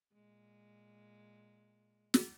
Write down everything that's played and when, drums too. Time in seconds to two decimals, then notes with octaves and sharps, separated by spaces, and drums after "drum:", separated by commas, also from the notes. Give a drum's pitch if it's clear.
0.13 A#2 G#3
2.14 drum: snare